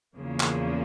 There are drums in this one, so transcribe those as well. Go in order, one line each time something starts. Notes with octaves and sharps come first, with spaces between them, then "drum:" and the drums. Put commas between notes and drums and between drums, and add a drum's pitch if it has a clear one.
E2 C#3 F3 A#3
drum: clap